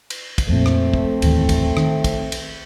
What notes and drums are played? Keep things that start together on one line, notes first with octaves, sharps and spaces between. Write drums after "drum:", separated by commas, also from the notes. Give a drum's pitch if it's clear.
drum: cymbal
drum: kick, cymbal
F2 A#2 A3 C4
drum: rim click
drum: kick
D1 D#2 E3, drum: cymbal
drum: kick, cymbal
D#3, drum: rim click
drum: kick, cymbal
drum: cymbal